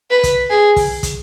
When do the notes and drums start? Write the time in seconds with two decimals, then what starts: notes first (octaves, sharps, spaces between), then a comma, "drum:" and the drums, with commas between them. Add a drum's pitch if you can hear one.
0.11 B4
0.23 drum: kick, hi-hat
0.50 G#4
0.76 drum: kick, open hi-hat
1.03 drum: kick, hi-hat